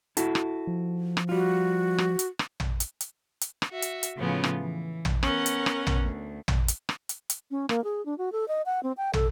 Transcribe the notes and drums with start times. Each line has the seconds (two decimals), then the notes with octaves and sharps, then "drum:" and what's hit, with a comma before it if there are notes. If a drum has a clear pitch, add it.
0.17 E4 F#4 A4, drum: hi-hat
0.35 drum: rim click
0.67 F3
1.17 drum: rim click
1.29 G3 F4 F#4
1.98 drum: rim click
2.19 drum: hi-hat
2.39 drum: rim click
2.60 drum: tom
2.80 drum: hi-hat
3.01 drum: hi-hat
3.41 drum: hi-hat
3.62 drum: rim click
3.71 F#4 E5
3.82 drum: hi-hat
4.03 drum: hi-hat
4.18 A2 C#3 F3 B3 C#4 F4
4.44 drum: rim click
4.59 E3
5.05 drum: tom
5.23 B3 C#4 A#4 F#5, drum: rim click
5.46 drum: hi-hat
5.66 drum: rim click
5.87 drum: tom
6.00 D2
6.48 drum: tom
6.68 drum: hi-hat
6.89 drum: rim click
7.09 drum: hi-hat
7.30 drum: hi-hat
7.51 C#4
7.69 A#3, drum: rim click
7.84 G#4
8.06 D4
8.18 F#4
8.32 A4
8.48 D#5
8.66 F#5
8.83 C4
8.97 G5
9.13 A4, drum: tom